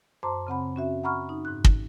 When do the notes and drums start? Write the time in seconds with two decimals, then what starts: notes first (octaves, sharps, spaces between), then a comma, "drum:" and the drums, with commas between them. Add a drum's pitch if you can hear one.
0.23 F#2 C5 A5 A#5 C6 D6
0.47 C#3 C4 F#5 B5
0.76 C#4 F#4 E5
1.04 F#5 A#5 B5 C#6 F6
1.29 D#4
1.45 G#2 F#6
1.64 drum: kick